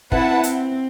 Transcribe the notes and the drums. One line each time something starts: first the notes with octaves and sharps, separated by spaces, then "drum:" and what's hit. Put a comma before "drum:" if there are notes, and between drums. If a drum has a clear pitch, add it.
C4 E4 B4 F#5 A5, drum: kick
C4, drum: hi-hat